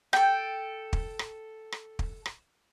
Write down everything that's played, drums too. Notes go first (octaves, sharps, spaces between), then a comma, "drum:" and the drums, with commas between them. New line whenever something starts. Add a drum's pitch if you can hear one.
A4 G5, drum: rim click
drum: kick
drum: rim click
drum: rim click
drum: kick
drum: rim click